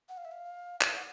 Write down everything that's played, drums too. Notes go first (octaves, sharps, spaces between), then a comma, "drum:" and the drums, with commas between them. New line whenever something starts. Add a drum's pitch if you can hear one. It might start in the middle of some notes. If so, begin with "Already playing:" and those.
F#5
F5
E5
F5
drum: clap
F#5